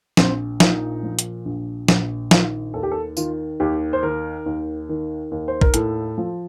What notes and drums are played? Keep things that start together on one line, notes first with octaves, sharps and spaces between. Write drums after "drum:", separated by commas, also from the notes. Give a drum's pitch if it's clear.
A#1 C4, drum: snare
A#2 D#4, drum: snare
F3
drum: hi-hat
A#1
A#1, drum: snare
D#3 F4, drum: snare
D#2 A4
G4
A4
D#3 F4, drum: tambourine
D#2 G4
C5
D#3 A#4
D#2
D#3
D#2
C5
A#4, drum: kick
A2 A4, drum: hi-hat
F3